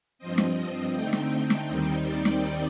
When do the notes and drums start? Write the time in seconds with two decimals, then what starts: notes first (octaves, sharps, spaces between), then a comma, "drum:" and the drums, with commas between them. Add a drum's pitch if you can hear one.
0.19 G2 F3 C4 D#5
0.38 drum: snare
0.93 D3 A3 C4 D#4 G5
1.13 drum: snare
1.50 drum: snare
1.69 D#2 D#3 G3 C4 D#4
2.07 D5
2.25 drum: snare